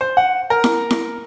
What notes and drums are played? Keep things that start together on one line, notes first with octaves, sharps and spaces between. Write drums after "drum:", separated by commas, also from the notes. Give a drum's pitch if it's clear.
C5
F#5
A#4
drum: snare E4
drum: snare E4